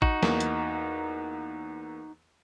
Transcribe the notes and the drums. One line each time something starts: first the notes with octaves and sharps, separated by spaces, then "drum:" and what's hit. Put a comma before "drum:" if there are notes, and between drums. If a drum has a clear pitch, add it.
D#4 F#4, drum: kick G#1
E2 A#3, drum: snare
drum: hi-hat